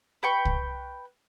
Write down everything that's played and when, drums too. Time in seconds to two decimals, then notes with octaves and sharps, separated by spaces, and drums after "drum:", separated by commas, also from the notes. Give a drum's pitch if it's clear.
0.23 B4 G5 C#6
0.45 drum: kick C2